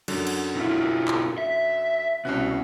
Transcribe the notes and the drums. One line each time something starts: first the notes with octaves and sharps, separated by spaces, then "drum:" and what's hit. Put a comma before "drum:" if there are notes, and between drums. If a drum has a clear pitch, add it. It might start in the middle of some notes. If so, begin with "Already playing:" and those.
F#2 D3 F#3, drum: cymbal
drum: cymbal
B2 E4 F4
drum: clap
E5
C2 B2 C#4 F#6